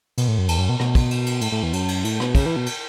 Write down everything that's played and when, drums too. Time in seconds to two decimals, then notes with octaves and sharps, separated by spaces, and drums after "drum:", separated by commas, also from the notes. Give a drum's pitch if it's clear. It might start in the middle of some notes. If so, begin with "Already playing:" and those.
0.18 B2, drum: cymbal
0.28 A2
0.38 F#2
0.48 E2, drum: cymbal
0.58 F#2
0.69 B2
0.80 B2, drum: rim click
0.95 drum: kick, cymbal
1.11 drum: cymbal
1.26 drum: cymbal
1.41 A2, drum: cymbal
1.52 A2
1.63 E2
1.73 F#2, drum: cymbal
1.88 drum: cymbal
2.04 A2, drum: cymbal
2.20 B2, drum: rim click
2.35 C#3, drum: kick, cymbal
2.46 E3
2.56 B2
2.66 drum: cymbal